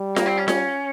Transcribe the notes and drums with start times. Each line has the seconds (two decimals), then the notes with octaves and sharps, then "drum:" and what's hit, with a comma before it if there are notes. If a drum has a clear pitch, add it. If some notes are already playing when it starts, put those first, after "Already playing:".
Already playing: G3
0.16 A#3, drum: snare F4
0.26 C4
0.37 C#4
0.48 C#4, drum: snare F4